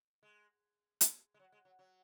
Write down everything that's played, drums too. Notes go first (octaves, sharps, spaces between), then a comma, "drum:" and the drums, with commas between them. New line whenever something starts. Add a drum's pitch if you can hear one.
G#3
G#3, drum: hi-hat
G#3
F#3
G#3
F#3
F#3